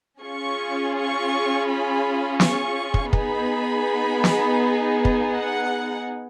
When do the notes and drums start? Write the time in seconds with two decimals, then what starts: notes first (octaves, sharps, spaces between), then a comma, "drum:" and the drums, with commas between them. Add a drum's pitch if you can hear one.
0.22 C#4 F4 G#4 C#6
0.94 C#6
1.67 B5
2.40 C#6, drum: snare
2.94 drum: kick
3.13 B3 D#4 G#4 B5, drum: kick
4.24 drum: snare
5.05 drum: kick
5.32 F#5